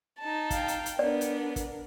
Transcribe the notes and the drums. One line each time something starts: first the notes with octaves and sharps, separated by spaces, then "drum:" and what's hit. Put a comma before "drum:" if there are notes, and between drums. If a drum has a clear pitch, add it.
D#4 A5
F5 G5, drum: kick, hi-hat
drum: hi-hat
drum: hi-hat
B3 D4 A#4 D5
drum: hi-hat
drum: kick, hi-hat